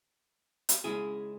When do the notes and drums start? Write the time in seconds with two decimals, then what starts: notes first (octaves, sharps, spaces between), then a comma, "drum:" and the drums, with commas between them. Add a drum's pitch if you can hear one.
0.69 drum: hi-hat
0.84 C#3 G#3 C#4 E4 G#4